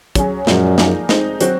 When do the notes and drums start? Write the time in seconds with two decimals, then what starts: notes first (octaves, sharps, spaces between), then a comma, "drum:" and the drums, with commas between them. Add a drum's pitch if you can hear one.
0.15 F#3 C#4 G#4, drum: kick, hi-hat
0.47 F#2 A#2 F3 G#3, drum: snare
0.78 F3 A#3 D#4 G#4, drum: snare
1.09 G#3 C4 D#4, drum: snare
1.41 F#3 C4 F#4, drum: hi-hat